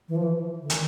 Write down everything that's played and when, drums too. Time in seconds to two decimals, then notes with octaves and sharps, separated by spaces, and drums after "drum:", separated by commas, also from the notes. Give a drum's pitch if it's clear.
0.09 E3
0.16 F3
0.23 E3
0.62 D3
0.70 D#3, drum: hi-hat